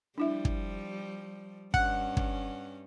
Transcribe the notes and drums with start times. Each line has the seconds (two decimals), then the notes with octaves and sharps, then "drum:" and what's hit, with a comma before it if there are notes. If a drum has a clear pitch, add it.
0.18 F3 G3 D4 E4 E5
0.45 drum: kick
1.74 G2 C#4 F#5, drum: kick
2.17 drum: kick